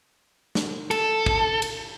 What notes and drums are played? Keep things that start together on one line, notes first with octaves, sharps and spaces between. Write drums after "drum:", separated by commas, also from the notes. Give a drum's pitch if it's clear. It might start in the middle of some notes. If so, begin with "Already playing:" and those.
drum: snare
A4, drum: cymbal
drum: kick
drum: cymbal